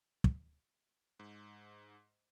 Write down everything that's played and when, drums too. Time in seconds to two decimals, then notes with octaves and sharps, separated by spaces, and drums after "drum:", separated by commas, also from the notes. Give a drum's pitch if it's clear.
0.24 drum: kick
1.19 G#2